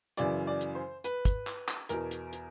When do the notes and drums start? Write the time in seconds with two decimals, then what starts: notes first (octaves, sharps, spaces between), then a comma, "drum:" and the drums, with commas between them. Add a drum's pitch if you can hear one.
0.17 F#2 C#3 E3 D5, drum: hi-hat
0.47 D5
0.61 drum: hi-hat
0.75 C5
1.04 B4, drum: hi-hat
1.25 drum: kick, hi-hat
1.47 drum: clap
1.68 drum: clap
1.89 E2 B2 A#4, drum: hi-hat
2.11 drum: hi-hat
2.33 drum: hi-hat